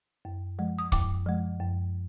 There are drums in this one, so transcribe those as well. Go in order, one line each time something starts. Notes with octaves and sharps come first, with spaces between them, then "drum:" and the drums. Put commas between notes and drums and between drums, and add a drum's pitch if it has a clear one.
F#2
F3 G#3
D#6
F#2 D6, drum: kick C#1
F3 G#3
F#2